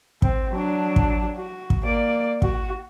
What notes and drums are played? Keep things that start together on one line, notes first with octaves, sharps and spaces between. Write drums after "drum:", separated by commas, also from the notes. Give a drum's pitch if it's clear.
C4, drum: kick
F#3 D4
drum: kick
F#4
drum: kick
A#3 D5
F#4, drum: kick